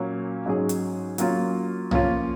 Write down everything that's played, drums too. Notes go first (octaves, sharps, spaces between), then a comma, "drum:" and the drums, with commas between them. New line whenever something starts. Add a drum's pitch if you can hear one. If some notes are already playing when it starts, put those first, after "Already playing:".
Already playing: A#2 F#3 A#3 C#4
G#2 F#3 C#4 G#4
drum: hi-hat
F#3 A#3 C#4 F4, drum: hi-hat
F3 A#3 C#4 F4, drum: tom B1